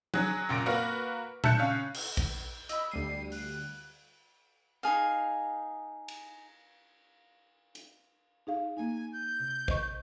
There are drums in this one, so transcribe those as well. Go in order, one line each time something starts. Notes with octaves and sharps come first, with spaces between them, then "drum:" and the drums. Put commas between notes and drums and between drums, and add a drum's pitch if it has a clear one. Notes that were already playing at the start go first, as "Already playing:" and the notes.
F#3 G#4 F#6, drum: tom
F#2 A#2 A#6 D7
A#3 F#4 A#4 B4 F6
E5 A5 F#6 G6 C#7, drum: tom A#2
C#3 C#4 F5
drum: cymbal
drum: kick A#1
D#5 B5 E6, drum: hi-hat
D2 G3 C7 D#7
F#6, drum: open hi-hat
D#4 G#4 F5
drum: cymbal
drum: hi-hat
D#4 G#4 F5
A#3 D#4 G#5
G6
C3
C5 D#5 C#6, drum: kick A#1